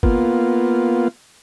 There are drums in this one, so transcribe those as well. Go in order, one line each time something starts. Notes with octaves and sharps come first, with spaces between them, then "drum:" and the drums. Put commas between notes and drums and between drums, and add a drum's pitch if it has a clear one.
A#3 B3 F4, drum: kick